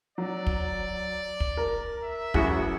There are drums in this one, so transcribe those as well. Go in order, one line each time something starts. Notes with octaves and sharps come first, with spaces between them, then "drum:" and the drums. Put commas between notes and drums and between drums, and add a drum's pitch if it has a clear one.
F#3 D5
drum: kick
drum: kick
A#4
E5
A1 F#2 E4 F#4 G#4 F#5, drum: kick